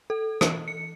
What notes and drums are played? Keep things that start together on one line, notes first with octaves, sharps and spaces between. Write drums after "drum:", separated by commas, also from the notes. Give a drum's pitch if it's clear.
A4
E3, drum: rim click
C#7